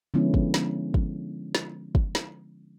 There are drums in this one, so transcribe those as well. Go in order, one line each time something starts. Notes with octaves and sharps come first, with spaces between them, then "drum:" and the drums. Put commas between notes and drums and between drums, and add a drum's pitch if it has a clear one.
D3 F3 G#3 B3 C#4 E4
drum: kick
drum: snare
drum: kick
drum: snare
drum: kick
drum: snare